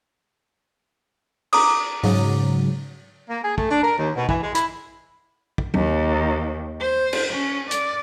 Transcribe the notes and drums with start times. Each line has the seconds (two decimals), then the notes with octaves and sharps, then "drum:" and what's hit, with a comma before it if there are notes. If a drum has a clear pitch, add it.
1.53 A#5 D6 D#6, drum: cymbal
2.03 G#2 C#3 F#3, drum: open hi-hat
3.29 A#3
3.44 G#4
3.58 A3, drum: kick
3.71 D4
3.83 A#4
3.99 D#2
4.16 B2
4.29 E3, drum: kick
4.43 G#3
4.55 E4, drum: hi-hat
5.58 drum: kick
5.74 D#2, drum: tom
6.81 C5
7.13 drum: cymbal
7.33 C#4
7.71 D5, drum: hi-hat